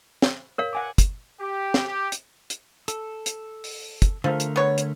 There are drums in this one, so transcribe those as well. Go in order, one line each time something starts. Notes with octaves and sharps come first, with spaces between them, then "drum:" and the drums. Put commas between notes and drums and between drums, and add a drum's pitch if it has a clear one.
drum: snare
A#4 C#5 F5
F#5 G#5 D6
drum: kick, hi-hat
G4
drum: snare
G4
drum: hi-hat
drum: hi-hat
A4, drum: hi-hat
drum: hi-hat
drum: open hi-hat
drum: kick, hi-hat
D3 F3 A3 A#4
drum: hi-hat
B3 C#5
drum: hi-hat